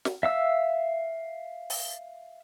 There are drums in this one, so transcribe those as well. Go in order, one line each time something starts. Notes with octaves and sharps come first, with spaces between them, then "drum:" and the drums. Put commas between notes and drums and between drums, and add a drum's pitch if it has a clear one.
drum: snare
E5 F5 E6
drum: open hi-hat